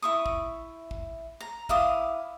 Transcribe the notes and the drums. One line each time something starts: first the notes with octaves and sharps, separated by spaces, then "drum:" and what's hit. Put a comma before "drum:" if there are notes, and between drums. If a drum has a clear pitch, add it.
E4 C#6 D#6
drum: kick
drum: kick
A#5
E4 F5 D6 D#6, drum: kick